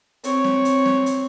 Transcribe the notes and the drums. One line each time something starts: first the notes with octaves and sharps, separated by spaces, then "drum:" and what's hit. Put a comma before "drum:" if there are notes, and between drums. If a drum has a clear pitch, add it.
C4 C#5, drum: hi-hat
drum: snare
drum: hi-hat
drum: snare
drum: hi-hat